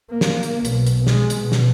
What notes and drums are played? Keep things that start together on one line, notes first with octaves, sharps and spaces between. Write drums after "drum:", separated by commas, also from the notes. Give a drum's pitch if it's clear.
A#3
drum: snare
drum: hi-hat
B1, drum: hi-hat
drum: hi-hat
G#3, drum: snare
drum: hi-hat
B2
drum: snare